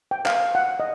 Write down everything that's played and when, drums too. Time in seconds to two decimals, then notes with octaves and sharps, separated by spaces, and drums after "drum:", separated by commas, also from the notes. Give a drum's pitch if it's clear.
0.11 G5
0.26 F5, drum: clap
0.55 F#5
0.80 D#5